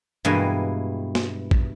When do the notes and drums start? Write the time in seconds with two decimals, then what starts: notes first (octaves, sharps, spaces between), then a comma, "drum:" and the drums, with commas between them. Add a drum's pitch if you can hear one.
0.25 G2 B2 E3 G#3 A#3 G#5
1.15 drum: snare
1.51 drum: kick A#1